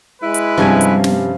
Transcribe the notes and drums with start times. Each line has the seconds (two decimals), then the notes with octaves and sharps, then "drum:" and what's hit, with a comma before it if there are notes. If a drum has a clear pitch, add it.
0.22 G#3 E4 B4
0.34 drum: hi-hat
0.57 G2 C3 F3 G3 C#4 G#5
0.81 drum: hi-hat
1.04 drum: snare